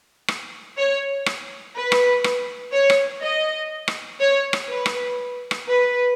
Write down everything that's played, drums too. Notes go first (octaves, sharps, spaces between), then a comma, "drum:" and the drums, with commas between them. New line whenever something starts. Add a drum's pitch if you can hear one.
drum: rim click
C#5
drum: rim click
B4
drum: rim click
drum: rim click
C#5
drum: rim click
D#5
drum: rim click
C#5
drum: rim click
B4
drum: rim click
drum: rim click
B4